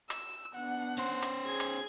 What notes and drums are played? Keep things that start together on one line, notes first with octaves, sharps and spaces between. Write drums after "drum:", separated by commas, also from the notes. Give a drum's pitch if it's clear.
E6, drum: hi-hat
B3 D4 F#5
C#4 C5
drum: hi-hat
G#4 G#6
drum: hi-hat